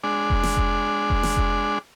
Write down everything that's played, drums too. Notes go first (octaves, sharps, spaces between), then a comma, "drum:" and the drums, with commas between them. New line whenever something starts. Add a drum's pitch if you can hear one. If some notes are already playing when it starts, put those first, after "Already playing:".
G#3 D4
drum: kick F1
drum: snare
drum: kick F1
drum: kick F1
drum: snare
drum: kick F1